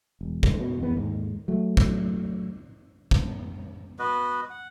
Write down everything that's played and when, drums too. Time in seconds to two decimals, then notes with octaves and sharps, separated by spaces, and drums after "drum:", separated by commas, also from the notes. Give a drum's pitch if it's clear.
0.21 E1
0.43 drum: kick
0.60 B2
0.80 F1 E2 B3
0.97 D#2 G#2
1.48 F#3 A3
1.77 drum: kick
3.11 drum: kick
3.99 B3 F#4 B4 D#5
4.50 F#5